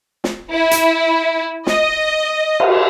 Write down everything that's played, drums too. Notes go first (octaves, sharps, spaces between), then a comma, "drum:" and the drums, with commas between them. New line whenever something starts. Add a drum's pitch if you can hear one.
drum: snare
E4
drum: hi-hat
D#5, drum: snare
drum: cymbal